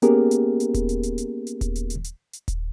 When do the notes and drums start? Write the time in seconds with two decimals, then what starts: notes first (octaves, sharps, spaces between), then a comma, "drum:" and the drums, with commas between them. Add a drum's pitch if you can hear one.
0.02 A#3 B3 C#4 G4 G#4 A#4, drum: hi-hat
0.31 drum: hi-hat
0.60 drum: hi-hat
0.74 drum: kick D#1, hi-hat
0.89 drum: hi-hat
1.03 drum: hi-hat
1.18 drum: hi-hat
1.47 drum: hi-hat
1.61 drum: kick D#1, hi-hat
1.75 drum: hi-hat
1.90 drum: hi-hat
2.04 drum: hi-hat
2.33 drum: hi-hat
2.48 drum: kick D#1, hi-hat